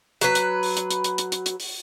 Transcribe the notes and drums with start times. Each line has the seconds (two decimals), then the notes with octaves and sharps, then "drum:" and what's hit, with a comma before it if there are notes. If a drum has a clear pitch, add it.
0.21 F#3 B4, drum: hi-hat
0.35 drum: hi-hat
0.63 drum: open hi-hat
0.77 drum: hi-hat
0.91 drum: hi-hat
1.04 drum: hi-hat
1.18 drum: hi-hat
1.32 drum: hi-hat
1.46 drum: hi-hat
1.60 drum: open hi-hat